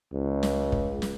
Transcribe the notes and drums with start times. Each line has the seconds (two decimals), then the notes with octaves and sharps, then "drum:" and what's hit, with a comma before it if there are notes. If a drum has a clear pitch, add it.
0.13 C#2
0.43 drum: snare
0.72 drum: kick
1.02 drum: snare